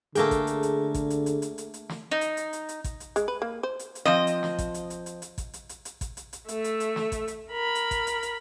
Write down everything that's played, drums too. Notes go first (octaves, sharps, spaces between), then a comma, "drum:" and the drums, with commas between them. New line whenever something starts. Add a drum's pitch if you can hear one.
D3 A3 A#3 G#4 A4 G5, drum: hi-hat
drum: kick A1, hi-hat
drum: hi-hat
drum: hi-hat
drum: kick A1, hi-hat
drum: hi-hat
drum: hi-hat
drum: hi-hat
drum: hi-hat
drum: hi-hat
drum: snare
D#4
drum: hi-hat
drum: hi-hat
drum: hi-hat
drum: hi-hat
drum: kick A1, hi-hat
drum: hi-hat
G#3, drum: hi-hat
B4
A#3
C5
drum: hi-hat
drum: hi-hat
F3 C4 D#5
drum: hi-hat
drum: snare
drum: kick A1, hi-hat
drum: hi-hat
drum: hi-hat
drum: hi-hat
drum: hi-hat
drum: kick A1, hi-hat
drum: hi-hat
drum: hi-hat
drum: hi-hat
drum: kick A1, hi-hat
drum: hi-hat
drum: hi-hat
A3 E5, drum: hi-hat
drum: hi-hat
drum: hi-hat
drum: snare
drum: kick A1, hi-hat
drum: hi-hat
A#4 B5
drum: hi-hat
drum: kick A1, hi-hat
drum: hi-hat
drum: hi-hat